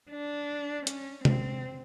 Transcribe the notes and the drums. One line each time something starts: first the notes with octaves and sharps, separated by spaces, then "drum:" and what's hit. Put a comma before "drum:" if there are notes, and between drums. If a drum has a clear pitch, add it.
D4
C#4, drum: hi-hat
C4, drum: tom C3